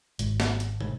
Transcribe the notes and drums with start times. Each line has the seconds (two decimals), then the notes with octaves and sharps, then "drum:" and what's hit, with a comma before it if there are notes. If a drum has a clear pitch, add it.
0.19 G#1, drum: hi-hat
0.40 drum: snare
0.60 drum: hi-hat
0.81 drum: tom